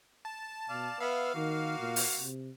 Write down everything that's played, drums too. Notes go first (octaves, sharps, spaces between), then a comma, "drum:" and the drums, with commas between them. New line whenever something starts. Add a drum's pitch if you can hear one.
A5
B2 D5 F5
B3 B4 E5 F5 E6
D#3 A#3 F#4
A#2
drum: open hi-hat
C3